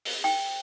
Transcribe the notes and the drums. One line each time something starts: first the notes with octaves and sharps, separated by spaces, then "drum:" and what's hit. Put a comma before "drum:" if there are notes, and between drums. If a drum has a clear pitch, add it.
drum: open hi-hat
G5